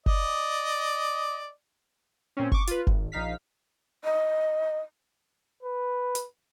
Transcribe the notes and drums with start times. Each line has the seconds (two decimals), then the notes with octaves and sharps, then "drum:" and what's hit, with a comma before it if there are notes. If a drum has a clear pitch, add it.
0.06 D5 D#5, drum: kick F#1
2.37 A#2 C4 C#4
2.52 C#6 D6, drum: kick F#1
2.67 F4 B4, drum: hi-hat
2.87 G#1, drum: kick F#1
3.12 A#1 D#4 F5 B6
4.04 D#5
5.63 B4
6.15 drum: hi-hat